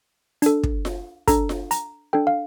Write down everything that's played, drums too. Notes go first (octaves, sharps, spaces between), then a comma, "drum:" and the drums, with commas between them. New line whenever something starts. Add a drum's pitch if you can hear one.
D4 A4, drum: hi-hat
drum: kick
drum: snare F4
D4 A4 A#5, drum: kick, hi-hat
drum: snare F4
A#5, drum: hi-hat
D4 A4 G5
F5